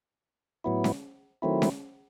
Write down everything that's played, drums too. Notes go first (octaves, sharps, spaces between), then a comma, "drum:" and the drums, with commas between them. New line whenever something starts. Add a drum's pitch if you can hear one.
A2 F#3 B3 E4
drum: snare C#4
D#3 F#3 A3 C4 E4
drum: snare C#4